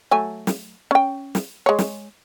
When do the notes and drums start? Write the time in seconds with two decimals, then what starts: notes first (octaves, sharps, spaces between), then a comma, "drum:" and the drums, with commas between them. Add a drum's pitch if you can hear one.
0.11 F#3 A3 G#5
0.47 drum: snare
0.91 C#4 G5
1.35 drum: snare
1.66 G#3 C#5
1.79 drum: snare